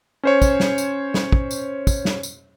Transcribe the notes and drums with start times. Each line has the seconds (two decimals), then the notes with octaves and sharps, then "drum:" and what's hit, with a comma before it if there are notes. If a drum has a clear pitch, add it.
0.23 C#4 C5 C#5
0.42 drum: kick, tambourine
0.60 drum: snare
0.78 drum: tambourine
1.14 drum: snare
1.32 drum: kick
1.51 drum: tambourine
1.87 drum: kick, tambourine
2.05 drum: snare
2.23 drum: tambourine